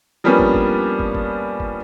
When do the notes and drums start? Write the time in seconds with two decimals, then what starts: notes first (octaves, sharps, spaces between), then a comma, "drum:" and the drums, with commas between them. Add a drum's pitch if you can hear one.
0.24 F3 G3 A#3 B3 C#4 D4
0.39 drum: kick
0.54 drum: kick
1.00 drum: kick
1.15 drum: kick
1.60 drum: kick